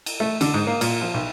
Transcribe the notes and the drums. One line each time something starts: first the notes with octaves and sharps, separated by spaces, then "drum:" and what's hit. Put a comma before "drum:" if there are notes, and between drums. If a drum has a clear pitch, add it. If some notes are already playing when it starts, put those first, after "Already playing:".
drum: cymbal
A3
D3, drum: cymbal
G#2
A#3
A#2, drum: cymbal
F3
B1